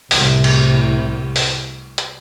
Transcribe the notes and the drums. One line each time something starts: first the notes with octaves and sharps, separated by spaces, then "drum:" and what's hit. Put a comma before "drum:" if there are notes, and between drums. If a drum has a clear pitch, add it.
C2 A2 C3, drum: open hi-hat
drum: cymbal
drum: open hi-hat
drum: hi-hat